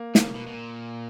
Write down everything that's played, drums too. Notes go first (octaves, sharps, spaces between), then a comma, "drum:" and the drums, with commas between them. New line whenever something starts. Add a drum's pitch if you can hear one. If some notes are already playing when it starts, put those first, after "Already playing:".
Already playing: A#3
C#3, drum: snare
B2
B2
A#2